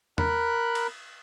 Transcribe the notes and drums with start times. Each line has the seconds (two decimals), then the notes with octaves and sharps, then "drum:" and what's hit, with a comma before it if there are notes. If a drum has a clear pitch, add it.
0.18 A#4 B5 F#6, drum: tom E2
0.75 drum: cymbal